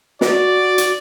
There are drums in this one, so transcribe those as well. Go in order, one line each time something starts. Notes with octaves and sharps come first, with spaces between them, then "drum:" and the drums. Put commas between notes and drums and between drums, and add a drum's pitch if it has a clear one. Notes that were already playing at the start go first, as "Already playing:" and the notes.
F#4 D5, drum: snare
drum: hi-hat